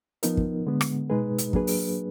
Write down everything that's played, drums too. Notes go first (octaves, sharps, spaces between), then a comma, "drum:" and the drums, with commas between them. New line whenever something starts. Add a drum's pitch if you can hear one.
F3 B3 D#4 A#4, drum: hi-hat
drum: kick
D3 G#3 B3
drum: rim click
B2 G#3 D#4 G#4 B4
drum: hi-hat
F#3 A#3 D4 G#4 B4, drum: kick
drum: open hi-hat